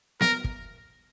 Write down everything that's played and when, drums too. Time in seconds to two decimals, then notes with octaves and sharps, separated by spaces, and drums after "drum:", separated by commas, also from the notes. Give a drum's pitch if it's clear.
0.21 A#4, drum: snare B3
0.44 drum: kick